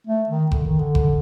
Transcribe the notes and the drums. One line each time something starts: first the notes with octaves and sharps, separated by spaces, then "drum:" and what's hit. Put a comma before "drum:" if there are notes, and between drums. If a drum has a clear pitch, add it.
A3
D#3
D3, drum: kick F#1
D#3
D3
drum: kick F#1